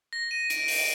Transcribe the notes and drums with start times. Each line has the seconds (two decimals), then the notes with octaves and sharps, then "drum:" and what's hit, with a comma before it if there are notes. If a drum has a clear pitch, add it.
0.13 A#6
0.31 D#7
0.50 D7, drum: hi-hat
0.68 D7, drum: open hi-hat